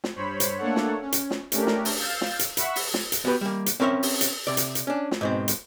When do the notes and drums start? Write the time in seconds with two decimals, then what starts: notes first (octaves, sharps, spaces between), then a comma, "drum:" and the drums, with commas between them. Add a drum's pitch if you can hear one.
0.04 drum: snare
0.16 G2 C5 C#5 B5
0.40 drum: hi-hat
0.58 A3 A#3 D4 A4 C#5 F#5
0.76 drum: snare
1.02 C#4
1.12 drum: hi-hat
1.31 drum: snare
1.52 A3 C#4 D4 G4 A#4, drum: hi-hat
1.67 drum: snare
1.85 drum: open hi-hat
1.99 F5 E6 G6 A6
2.21 drum: snare
2.39 drum: hi-hat
2.57 E5 F#5 B5 C#6 E6, drum: hi-hat
2.76 drum: open hi-hat
2.94 drum: snare
3.12 drum: hi-hat
3.25 B3 F#4 G4 B4
3.41 G3 A#3
3.66 drum: hi-hat
3.80 C4 C#4 A#4 C#5 E5
4.03 drum: open hi-hat
4.21 drum: hi-hat
4.47 C3 D5
4.57 drum: hi-hat
4.75 drum: hi-hat
4.87 C#4 D4
5.11 drum: snare
5.21 G#2 B2 C4
5.48 drum: hi-hat